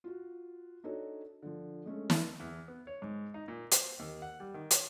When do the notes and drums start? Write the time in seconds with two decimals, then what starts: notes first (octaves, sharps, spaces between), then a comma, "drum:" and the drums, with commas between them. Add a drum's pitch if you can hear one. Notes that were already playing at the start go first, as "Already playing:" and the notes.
0.04 F4 F#4
0.84 D4 D#4 F#4 A4 C#5
1.42 D3 F3
1.86 G#3 A3 C#4
2.10 drum: snare
2.40 E2
2.68 B3
2.87 C#5
3.02 G#2
3.34 D#4
3.48 A#2
3.72 C5, drum: hi-hat
3.99 D#2
4.22 F#5
4.40 G3
4.54 D#3
4.71 C#5, drum: hi-hat